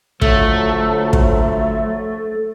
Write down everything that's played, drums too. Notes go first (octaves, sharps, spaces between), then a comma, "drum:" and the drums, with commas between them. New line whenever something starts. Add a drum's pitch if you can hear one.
D3 F3 F#3 A3, drum: kick
drum: kick